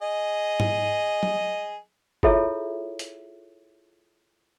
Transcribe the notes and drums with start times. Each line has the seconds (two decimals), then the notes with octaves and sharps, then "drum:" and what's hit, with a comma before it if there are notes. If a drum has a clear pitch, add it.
0.02 G#4 D#5
0.60 drum: tom
1.23 drum: tom
2.23 E4 F4 G#4 A4 C#5 E5, drum: kick F#1
2.99 drum: hi-hat